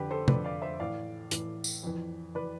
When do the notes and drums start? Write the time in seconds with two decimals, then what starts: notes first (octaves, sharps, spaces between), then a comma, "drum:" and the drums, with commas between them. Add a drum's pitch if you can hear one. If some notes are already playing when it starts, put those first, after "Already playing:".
Already playing: F2 D3 G4 B4
0.11 A4 C5
0.28 F2 D3 B4 D5, drum: tom C3
0.44 D5 F5
0.62 C5 E5
0.80 A2 E3 D5 F5
1.31 A2 E3, drum: hi-hat
1.64 drum: tambourine
1.83 F2 E3
2.35 E3 B4 D5